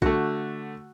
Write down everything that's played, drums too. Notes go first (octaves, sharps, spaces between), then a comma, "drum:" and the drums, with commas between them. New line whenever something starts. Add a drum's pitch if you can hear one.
D3 A3 F#4, drum: kick B1